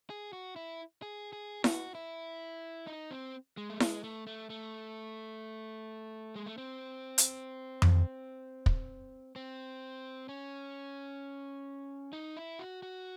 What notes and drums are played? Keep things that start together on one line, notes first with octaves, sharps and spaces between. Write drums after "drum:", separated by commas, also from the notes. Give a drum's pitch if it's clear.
G#4
F#4
E4
G#4
G#4
F#4, drum: snare E4
E4
D#4
C4
G#3
A3
G#3, drum: snare E4
A3
A3
A3
G#3
A3
C4
drum: hi-hat
drum: tom F2
drum: kick
C4
C#4
D#4
E4
F#4
F#4